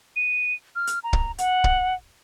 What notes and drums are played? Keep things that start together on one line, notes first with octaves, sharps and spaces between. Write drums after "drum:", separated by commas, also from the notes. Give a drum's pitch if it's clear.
D#7
F6
drum: hi-hat
A#5
drum: kick
F#5, drum: hi-hat
drum: kick